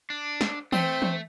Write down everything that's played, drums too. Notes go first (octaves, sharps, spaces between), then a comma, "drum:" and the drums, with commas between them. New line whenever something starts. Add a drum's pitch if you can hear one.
D4
drum: snare
A3 C4, drum: tom E3
drum: tom E3